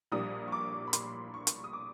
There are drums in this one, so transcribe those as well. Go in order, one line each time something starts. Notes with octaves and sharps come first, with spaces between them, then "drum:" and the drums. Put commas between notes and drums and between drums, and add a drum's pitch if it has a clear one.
A#1 A#2 G3 A#3 D4 D#6
C#6
D6
B5
C6, drum: hi-hat
C#6
drum: hi-hat
D#6
D6